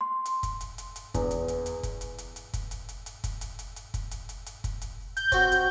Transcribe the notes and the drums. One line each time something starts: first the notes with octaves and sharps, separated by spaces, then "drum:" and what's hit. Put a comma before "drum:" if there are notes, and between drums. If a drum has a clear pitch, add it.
C6
drum: hi-hat
drum: kick, hi-hat
drum: hi-hat
drum: hi-hat
drum: hi-hat
E2, drum: kick, hi-hat
drum: hi-hat
drum: hi-hat
drum: hi-hat
drum: kick, hi-hat
drum: hi-hat
drum: hi-hat
drum: hi-hat
drum: kick, hi-hat
drum: hi-hat
drum: hi-hat
drum: hi-hat
drum: kick, hi-hat
drum: hi-hat
drum: hi-hat
drum: hi-hat
drum: kick, hi-hat
drum: hi-hat
drum: hi-hat
drum: hi-hat
drum: kick, hi-hat
drum: hi-hat
G6, drum: hi-hat
C4 F#4, drum: kick, hi-hat
drum: hi-hat